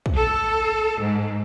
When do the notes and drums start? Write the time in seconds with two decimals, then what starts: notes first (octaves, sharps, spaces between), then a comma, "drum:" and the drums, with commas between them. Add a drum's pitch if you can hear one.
0.06 drum: kick
0.17 A4
1.01 G#2